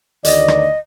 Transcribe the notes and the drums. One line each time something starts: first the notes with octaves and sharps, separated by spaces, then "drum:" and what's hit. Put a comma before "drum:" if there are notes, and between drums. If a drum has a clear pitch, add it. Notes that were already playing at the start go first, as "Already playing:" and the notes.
D2 D#3 D5 D#5, drum: hi-hat
drum: rim click